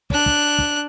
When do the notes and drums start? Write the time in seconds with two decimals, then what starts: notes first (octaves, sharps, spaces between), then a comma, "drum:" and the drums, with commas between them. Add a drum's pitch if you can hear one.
0.10 D4 F#6, drum: kick
0.26 drum: kick
0.59 drum: kick